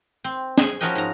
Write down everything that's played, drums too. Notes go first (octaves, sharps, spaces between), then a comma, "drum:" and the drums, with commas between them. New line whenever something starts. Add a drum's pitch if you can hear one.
C4
G#4 G#5, drum: snare
F3 C#4 F#4 A#4 D#5 G5
G#2 A#5